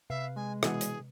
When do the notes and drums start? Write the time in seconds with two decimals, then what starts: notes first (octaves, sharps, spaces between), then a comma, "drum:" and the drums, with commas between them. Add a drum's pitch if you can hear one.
0.10 C3 B4 E5 F5
0.36 G#3 G#5
0.63 B2 E3 G#4 F#5, drum: rim click
0.81 drum: hi-hat